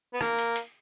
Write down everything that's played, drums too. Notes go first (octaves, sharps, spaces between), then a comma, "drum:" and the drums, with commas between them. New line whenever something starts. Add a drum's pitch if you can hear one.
B3
A#3, drum: rim click
drum: hi-hat
drum: hi-hat